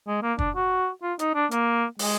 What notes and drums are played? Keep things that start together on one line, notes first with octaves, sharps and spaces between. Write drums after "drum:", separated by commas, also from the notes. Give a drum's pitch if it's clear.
G#3
A#3
D4, drum: kick
F#4
F4
D#4, drum: hi-hat
D4
A#3, drum: hi-hat
G#3, drum: open hi-hat